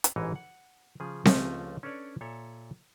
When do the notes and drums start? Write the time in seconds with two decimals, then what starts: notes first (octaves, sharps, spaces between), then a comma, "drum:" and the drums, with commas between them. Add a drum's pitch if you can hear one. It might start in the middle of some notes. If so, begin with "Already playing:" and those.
0.04 drum: hi-hat
0.16 A1 G#2 E3 G#4 C#5 D#5
0.35 F#5
1.00 C#3 F3 G#4
1.25 C#2 F3 A3 C#4 D#5, drum: snare C4
1.83 C#4 D4 A4 B4 C#5 D5
2.21 A#2 A4 C#5 E5